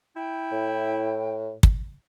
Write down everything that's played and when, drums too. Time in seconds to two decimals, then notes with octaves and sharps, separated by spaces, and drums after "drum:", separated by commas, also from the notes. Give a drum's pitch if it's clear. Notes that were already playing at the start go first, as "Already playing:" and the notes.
0.16 E4 G5
0.52 A2
1.63 drum: kick